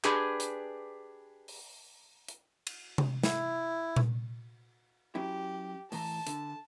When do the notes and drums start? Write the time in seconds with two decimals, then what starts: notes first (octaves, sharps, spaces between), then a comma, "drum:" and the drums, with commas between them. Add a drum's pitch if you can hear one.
0.04 D4 G4 G#4 B4, drum: clap
0.40 drum: hi-hat
1.48 drum: open hi-hat
2.28 drum: hi-hat
2.67 drum: cymbal
2.98 drum: tom C3
3.23 E4, drum: snare
3.96 drum: tom A#2
5.15 F#3 C#4 E4 G4
5.92 A2 E3 A5 A#5, drum: open hi-hat
6.27 D3, drum: hi-hat